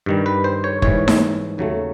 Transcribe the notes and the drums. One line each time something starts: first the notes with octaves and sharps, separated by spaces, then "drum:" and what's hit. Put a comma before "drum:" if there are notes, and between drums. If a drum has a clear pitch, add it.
G2 D#3 G3
B4
C5
C#5
G#2 E3 G3 C#5, drum: kick
drum: snare D#4
D#2 C#3 F#3 A3